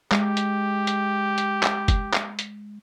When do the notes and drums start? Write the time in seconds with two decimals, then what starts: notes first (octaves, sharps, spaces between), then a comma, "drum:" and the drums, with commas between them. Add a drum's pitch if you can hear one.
0.12 G#3 G4, drum: clap
0.37 drum: hi-hat
0.87 drum: hi-hat
1.38 drum: hi-hat
1.63 drum: clap
1.88 drum: kick F#1, hi-hat
2.13 drum: clap
2.39 drum: hi-hat